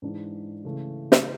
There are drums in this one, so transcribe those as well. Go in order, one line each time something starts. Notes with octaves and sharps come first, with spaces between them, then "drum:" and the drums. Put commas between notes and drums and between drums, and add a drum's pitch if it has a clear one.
G#2 E3 G#3 D4
C#3 E3 A3
drum: snare